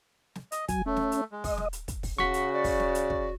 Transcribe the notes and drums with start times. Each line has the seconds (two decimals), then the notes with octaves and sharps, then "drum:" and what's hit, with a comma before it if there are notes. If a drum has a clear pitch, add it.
0.35 drum: snare
0.52 D#5, drum: hi-hat
0.68 F#3 G#5, drum: kick, hi-hat
0.86 A3 C#4
0.96 drum: snare
1.12 drum: hi-hat
1.32 G#3
1.44 D#5, drum: kick, open hi-hat
1.57 drum: snare
1.73 drum: hi-hat
1.88 drum: kick, hi-hat
2.03 drum: kick, open hi-hat
2.19 C#3 F#4 F#5 C#6 B6, drum: snare
2.34 drum: hi-hat
2.53 D5
2.64 drum: kick, open hi-hat
2.80 drum: snare
2.95 drum: hi-hat
3.10 drum: kick